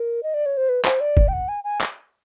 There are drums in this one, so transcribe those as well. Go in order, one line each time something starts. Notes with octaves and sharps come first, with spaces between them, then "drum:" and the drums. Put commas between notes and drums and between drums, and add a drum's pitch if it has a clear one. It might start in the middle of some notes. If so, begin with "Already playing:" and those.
Already playing: A#4
D#5
D5
C#5
C5
B4
C5, drum: clap
D5
drum: kick
G5
F#5
G#5
G#5
drum: clap